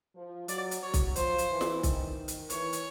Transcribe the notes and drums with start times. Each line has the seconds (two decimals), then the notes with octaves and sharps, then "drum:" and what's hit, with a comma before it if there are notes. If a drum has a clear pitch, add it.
0.16 F3
0.48 F#3 D5, drum: hi-hat
0.71 drum: hi-hat
0.82 F#3 C#5
0.94 drum: kick B1, hi-hat
1.16 F3 C5, drum: hi-hat
1.38 drum: hi-hat
1.50 E3
1.61 drum: snare
1.83 D#3, drum: kick B1, hi-hat
2.28 drum: hi-hat
2.50 E3 C#5, drum: hi-hat
2.73 drum: hi-hat